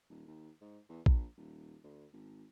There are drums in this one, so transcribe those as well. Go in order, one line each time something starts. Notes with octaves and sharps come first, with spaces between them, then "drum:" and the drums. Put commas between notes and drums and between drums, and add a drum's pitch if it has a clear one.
D#1
D#2
G#2
E2
A#1, drum: kick
D#1
D2
G#1